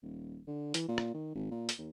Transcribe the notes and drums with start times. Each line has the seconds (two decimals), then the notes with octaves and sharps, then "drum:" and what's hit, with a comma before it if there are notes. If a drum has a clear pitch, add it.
0.02 D#1
0.47 D3
0.74 E3, drum: hi-hat
0.88 A#2
0.98 drum: rim click
1.14 D#3
1.35 G#1
1.51 A#2
1.69 drum: hi-hat
1.78 D#2